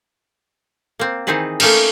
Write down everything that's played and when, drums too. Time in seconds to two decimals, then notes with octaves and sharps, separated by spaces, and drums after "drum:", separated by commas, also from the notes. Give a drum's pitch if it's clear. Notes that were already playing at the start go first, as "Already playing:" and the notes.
0.99 A#3 C4
1.27 D#3 E3 C4 D#4 G#4 B4
1.60 A3 A#3 C#4 D#4 A#4, drum: cymbal